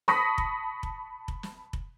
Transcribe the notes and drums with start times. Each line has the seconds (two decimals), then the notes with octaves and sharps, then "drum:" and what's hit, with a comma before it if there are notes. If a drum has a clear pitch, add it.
0.08 A5 B5 C#6 D#6 A#6 B6, drum: snare
0.38 drum: kick F1
0.83 drum: kick F1
1.28 drum: kick F1
1.43 drum: snare
1.73 drum: kick F1